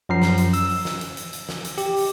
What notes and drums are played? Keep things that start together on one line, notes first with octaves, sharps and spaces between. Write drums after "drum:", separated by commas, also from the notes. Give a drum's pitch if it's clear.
F#2 F3 A#5 C7
drum: snare
drum: hi-hat
E6, drum: hi-hat
drum: open hi-hat
drum: snare
drum: hi-hat
drum: hi-hat
drum: hi-hat
drum: snare
drum: hi-hat
G4, drum: hi-hat
drum: open hi-hat